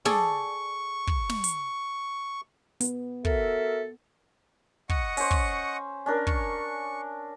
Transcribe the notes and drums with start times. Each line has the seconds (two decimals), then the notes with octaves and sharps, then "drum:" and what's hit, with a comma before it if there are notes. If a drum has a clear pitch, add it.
0.05 G#4 A4 D5 C#6, drum: snare
1.07 drum: kick
1.29 drum: snare
1.44 drum: hi-hat
2.81 B3, drum: hi-hat
3.25 F#4 A4 A#4 E5, drum: kick
4.89 D#5 F#5 C#6, drum: kick
5.17 C#4 C5, drum: open hi-hat
5.31 drum: kick
6.06 C#4 D4 A#4
6.27 C#6, drum: kick